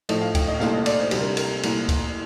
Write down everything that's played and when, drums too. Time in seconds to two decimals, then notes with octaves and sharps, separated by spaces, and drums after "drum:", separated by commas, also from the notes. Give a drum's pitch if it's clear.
0.09 A2 F3 A3 D#5, drum: cymbal
0.22 F5
0.35 G5, drum: kick C#2, cymbal
0.48 D#5
0.60 C2 A#2 A3 F5, drum: snare
0.73 D#5
0.86 D5, drum: cymbal
0.99 C5
1.11 D2 C3 G3 C5, drum: cymbal
1.20 A#4
1.29 A4
1.37 A#4, drum: cymbal
1.63 C2 A#2 A3, drum: cymbal
1.89 drum: kick C#2, cymbal